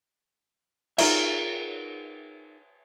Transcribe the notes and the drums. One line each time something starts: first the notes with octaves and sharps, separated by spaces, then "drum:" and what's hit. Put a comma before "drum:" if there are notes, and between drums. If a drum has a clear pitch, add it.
D#4 F4 G#4 A#4 C#5 E5, drum: cymbal